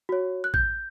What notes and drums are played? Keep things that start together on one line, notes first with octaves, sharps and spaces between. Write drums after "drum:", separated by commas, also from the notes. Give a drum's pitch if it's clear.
F#4 C#5
F#6
G6, drum: kick A1